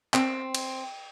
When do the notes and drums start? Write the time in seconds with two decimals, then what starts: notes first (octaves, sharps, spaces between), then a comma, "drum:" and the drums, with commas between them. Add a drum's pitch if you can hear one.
0.14 C4, drum: clap
0.55 drum: cymbal